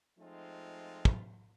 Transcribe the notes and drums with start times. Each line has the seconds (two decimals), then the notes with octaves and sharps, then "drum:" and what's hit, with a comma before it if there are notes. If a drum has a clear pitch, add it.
0.19 F3 G#3 A3 C4 D#4 F4
1.05 drum: kick